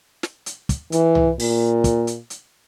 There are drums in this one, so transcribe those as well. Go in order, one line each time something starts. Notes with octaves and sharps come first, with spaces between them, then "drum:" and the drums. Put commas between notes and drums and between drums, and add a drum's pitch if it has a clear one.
drum: snare
drum: hi-hat
drum: kick, hi-hat
E3, drum: hi-hat
drum: tom C2
A#2, drum: open hi-hat
drum: kick, hi-hat
drum: hi-hat
drum: hi-hat